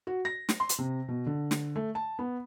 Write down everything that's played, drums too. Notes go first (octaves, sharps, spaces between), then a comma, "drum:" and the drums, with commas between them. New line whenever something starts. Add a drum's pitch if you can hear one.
F#4
A#6
drum: snare
C6
drum: hi-hat
C3
B2
D3
drum: snare
A3
A5
B3